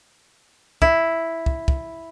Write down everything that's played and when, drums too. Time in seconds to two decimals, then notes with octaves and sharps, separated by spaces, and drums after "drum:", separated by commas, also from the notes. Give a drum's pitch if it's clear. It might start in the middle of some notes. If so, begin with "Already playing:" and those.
0.82 E4, drum: kick
1.46 drum: kick
1.68 drum: kick